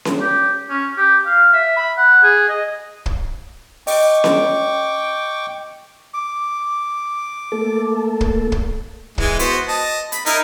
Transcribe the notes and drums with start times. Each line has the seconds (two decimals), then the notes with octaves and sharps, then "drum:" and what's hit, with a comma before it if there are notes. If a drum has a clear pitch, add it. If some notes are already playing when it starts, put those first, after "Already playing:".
0.05 drum: snare C#4
0.21 G4
0.70 C#4
0.98 G4
1.26 F5
1.53 E5
1.77 B5
1.97 F#5
2.23 G#4
2.49 D#5
3.06 drum: kick
3.87 D#5 G5 C#6 D6, drum: open hi-hat
4.24 drum: snare C#4
6.14 D6
7.52 A3 A#3 A4
8.21 drum: kick
8.52 drum: kick
9.18 E3 G#3, drum: kick
9.39 B3 F#4 C5, drum: hi-hat
9.68 D#5 A5
10.12 B5, drum: hi-hat
10.26 D#4 E4 A#4, drum: hi-hat